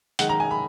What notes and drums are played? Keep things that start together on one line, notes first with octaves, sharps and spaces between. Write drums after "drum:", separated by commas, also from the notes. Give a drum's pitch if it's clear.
D#3 G#3 F#5, drum: hi-hat
A#5
G#5
B5